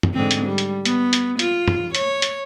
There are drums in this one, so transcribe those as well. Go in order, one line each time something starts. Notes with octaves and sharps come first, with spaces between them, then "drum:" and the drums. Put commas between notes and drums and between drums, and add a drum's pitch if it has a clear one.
drum: tom
G#2 D3 C4
drum: hi-hat
G3
drum: hi-hat
B3, drum: hi-hat
drum: hi-hat
F4, drum: hi-hat
drum: tom
C#5, drum: hi-hat
drum: hi-hat